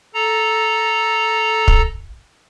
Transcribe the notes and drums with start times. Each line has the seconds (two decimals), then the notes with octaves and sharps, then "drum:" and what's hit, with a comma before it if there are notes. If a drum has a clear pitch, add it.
0.14 A4 A#5
1.68 drum: kick